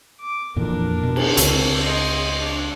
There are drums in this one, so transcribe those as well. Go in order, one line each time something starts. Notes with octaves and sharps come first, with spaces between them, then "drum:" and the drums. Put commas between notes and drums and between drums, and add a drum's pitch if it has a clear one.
D6
F2 A#2 E3 D4 A#4
B2
drum: cymbal
C#2 C4, drum: hi-hat
D#5 C6
D4